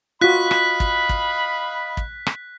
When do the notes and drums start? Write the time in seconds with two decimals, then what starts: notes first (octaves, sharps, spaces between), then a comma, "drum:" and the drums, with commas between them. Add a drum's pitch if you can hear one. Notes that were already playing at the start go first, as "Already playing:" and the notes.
0.21 F4 F#4 D#5 F5 B5 F#6 B6
0.51 drum: rim click
0.80 drum: kick
1.09 drum: kick
1.97 drum: kick
2.26 drum: rim click